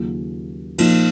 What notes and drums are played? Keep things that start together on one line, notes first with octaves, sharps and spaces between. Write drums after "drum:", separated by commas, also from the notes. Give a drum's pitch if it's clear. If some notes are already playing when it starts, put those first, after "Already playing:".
Already playing: D#2 C#3 F#3 C#4 F4
A#2 F3 A#3 D#4, drum: cymbal